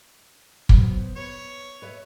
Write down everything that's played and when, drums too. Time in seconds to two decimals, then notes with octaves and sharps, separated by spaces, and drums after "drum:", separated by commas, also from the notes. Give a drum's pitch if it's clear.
0.69 F#3 B3 C5, drum: kick
1.16 B4 C#5
1.82 B4 C#5 E5